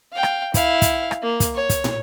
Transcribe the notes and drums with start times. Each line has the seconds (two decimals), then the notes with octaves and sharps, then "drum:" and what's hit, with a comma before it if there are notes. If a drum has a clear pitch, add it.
0.13 F5 G5
0.23 drum: rim click
0.54 E4 F5, drum: kick, hi-hat
0.82 drum: kick, hi-hat
1.11 drum: rim click
1.22 A#3
1.40 drum: kick, hi-hat
1.55 C#5
1.69 drum: kick, hi-hat
1.84 drum: tom